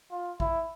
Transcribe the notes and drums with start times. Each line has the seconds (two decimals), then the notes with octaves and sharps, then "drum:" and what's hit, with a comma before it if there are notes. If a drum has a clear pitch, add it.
0.11 F4
0.40 E4, drum: kick A1